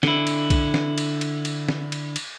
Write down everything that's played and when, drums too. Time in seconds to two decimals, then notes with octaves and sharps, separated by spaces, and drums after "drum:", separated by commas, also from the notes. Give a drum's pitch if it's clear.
0.03 D3 E4, drum: snare
0.27 drum: cymbal
0.50 drum: kick B1, cymbal
0.74 drum: snare
0.98 drum: cymbal
1.21 drum: cymbal
1.45 drum: cymbal
1.69 drum: snare
1.92 drum: cymbal
2.16 drum: cymbal